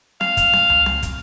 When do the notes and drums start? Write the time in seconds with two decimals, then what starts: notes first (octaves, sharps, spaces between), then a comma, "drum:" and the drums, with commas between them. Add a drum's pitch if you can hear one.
0.21 F5, drum: snare C4
0.37 drum: kick, hi-hat
0.53 drum: snare C4
0.70 drum: tom C#2
0.86 drum: snare C4
1.03 drum: kick, hi-hat